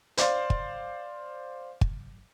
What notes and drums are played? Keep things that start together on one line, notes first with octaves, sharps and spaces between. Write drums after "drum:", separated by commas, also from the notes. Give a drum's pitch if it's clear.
C5 D5 F5 C6, drum: hi-hat
drum: kick
drum: kick